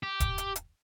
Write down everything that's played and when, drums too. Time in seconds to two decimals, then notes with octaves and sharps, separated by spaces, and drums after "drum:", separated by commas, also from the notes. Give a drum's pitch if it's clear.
0.03 G4
0.20 drum: kick, hi-hat
0.38 drum: hi-hat
0.56 drum: hi-hat